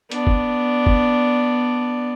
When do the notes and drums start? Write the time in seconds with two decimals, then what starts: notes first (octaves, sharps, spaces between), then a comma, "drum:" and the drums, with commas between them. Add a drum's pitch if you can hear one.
0.11 B3 D4, drum: hi-hat
0.27 drum: kick F#1
0.86 drum: kick F#1